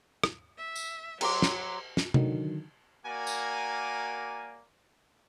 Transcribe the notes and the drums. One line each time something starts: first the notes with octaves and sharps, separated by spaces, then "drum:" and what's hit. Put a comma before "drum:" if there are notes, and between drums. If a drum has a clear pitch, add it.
drum: rim click
E5
drum: tambourine
F#3 A#5 C6 D6, drum: cymbal
drum: snare
drum: snare
D3 D#3 F#3, drum: tom C3
A#3 F#4 A#4 D5 G#5
drum: tambourine